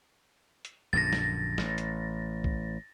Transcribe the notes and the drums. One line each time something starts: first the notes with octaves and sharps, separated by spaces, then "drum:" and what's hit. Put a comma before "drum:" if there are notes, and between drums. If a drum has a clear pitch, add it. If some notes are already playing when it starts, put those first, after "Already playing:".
drum: hi-hat
A#1 F#2 D3 A6 A#6
drum: snare
A1, drum: snare
drum: hi-hat
drum: kick B1